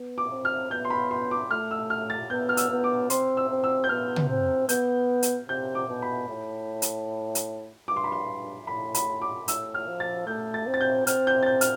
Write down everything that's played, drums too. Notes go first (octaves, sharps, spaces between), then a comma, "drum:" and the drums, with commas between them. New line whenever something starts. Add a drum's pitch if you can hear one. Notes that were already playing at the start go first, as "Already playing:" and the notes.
Already playing: B3
D6
C4
F6
B3 G6
C6
B5
C6
D6
A3 F6
E6
F6
A6
B3 G6
F6
E6, drum: hi-hat
B3
D6
C4 C6, drum: hi-hat
E6
C4
E6
G6
B3 F6
drum: tom
C4
B3 G6, drum: hi-hat
drum: hi-hat
C3 G6
D6
B2
B5
A2
drum: hi-hat
drum: hi-hat
G2 D6
C6
B5
C6
A2 B5
B5, drum: hi-hat
D6
A2 E6, drum: hi-hat
F6
F3
A6
A3 G6
A6
C4
A6
G6
C4 F6, drum: hi-hat
G6
A6
G6
F6, drum: hi-hat